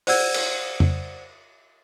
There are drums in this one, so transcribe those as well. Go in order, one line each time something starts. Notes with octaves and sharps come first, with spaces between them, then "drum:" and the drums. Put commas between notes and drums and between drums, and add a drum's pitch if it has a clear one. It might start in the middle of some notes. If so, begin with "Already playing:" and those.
C5 D5 F#5 E6 G#6, drum: open hi-hat
drum: cymbal
drum: tom F2